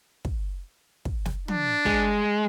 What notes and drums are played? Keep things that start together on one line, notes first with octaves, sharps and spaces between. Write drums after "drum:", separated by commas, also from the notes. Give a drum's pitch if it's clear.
drum: kick
drum: kick
drum: snare
D4, drum: tom
G#3, drum: kick